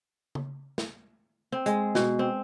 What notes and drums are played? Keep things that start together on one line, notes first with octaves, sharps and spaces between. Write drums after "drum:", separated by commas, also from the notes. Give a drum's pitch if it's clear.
drum: tom C#3
drum: snare
C4
G#3, drum: hi-hat
B2, drum: snare
C4